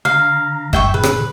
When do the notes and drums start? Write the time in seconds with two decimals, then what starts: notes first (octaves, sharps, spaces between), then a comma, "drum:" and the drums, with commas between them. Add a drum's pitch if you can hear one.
0.05 D3 F5 A#5
0.73 E5 G5 C#6, drum: kick F#2
0.94 A#2 D3 G#4 B4
1.03 drum: rim click